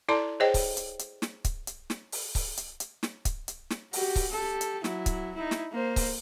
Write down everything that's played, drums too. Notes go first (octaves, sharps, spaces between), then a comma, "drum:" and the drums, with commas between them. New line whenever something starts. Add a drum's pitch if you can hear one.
E4 A4 D5 A5 A#5 C6
G#4 C5 C#5 D#5 G5
drum: kick C#1, open hi-hat
drum: hi-hat
drum: hi-hat
drum: snare
drum: kick C#1, hi-hat
drum: hi-hat
drum: snare
drum: open hi-hat
drum: kick C#1, open hi-hat
drum: hi-hat
drum: hi-hat
drum: snare
drum: kick C#1, hi-hat
drum: hi-hat
drum: snare
F#4 G4, drum: open hi-hat
drum: kick C#1, open hi-hat
G4 A4
drum: hi-hat
F#3 E4, drum: snare
drum: kick C#1, hi-hat
D#4 E4
drum: snare
A#3 C5
drum: kick C#1, open hi-hat